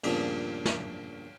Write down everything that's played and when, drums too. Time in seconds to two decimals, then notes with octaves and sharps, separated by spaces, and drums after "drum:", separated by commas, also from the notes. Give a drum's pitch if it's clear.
0.04 C#2 G2 A#2 F3 B3, drum: cymbal
0.66 drum: snare